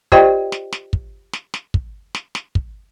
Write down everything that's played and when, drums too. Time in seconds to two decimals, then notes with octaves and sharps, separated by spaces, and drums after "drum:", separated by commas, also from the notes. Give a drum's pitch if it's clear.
0.12 F4 G4 C5 D5 D#5 G5, drum: kick
0.52 drum: snare
0.73 drum: snare
0.93 drum: kick
1.33 drum: snare
1.54 drum: snare
1.74 drum: kick
2.15 drum: snare
2.35 drum: snare
2.55 drum: kick